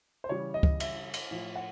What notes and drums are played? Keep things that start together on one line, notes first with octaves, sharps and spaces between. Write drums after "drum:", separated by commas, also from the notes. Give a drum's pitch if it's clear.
C5
C#3 E3 G3 C#5
D#5
drum: kick C#2
E5, drum: cymbal
drum: cymbal
A2 F3
F#5